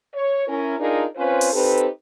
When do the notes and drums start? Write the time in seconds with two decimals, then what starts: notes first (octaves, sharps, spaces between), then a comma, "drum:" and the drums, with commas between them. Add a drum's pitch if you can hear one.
0.14 C#5
0.48 C#4 E4 A#4
0.79 D4 D#4 F4 G#4 A#4
1.16 C4 C#4 F4 B4 C5
1.41 drum: open hi-hat
1.52 C4 D#4 G4 A4 B4
1.77 drum: hi-hat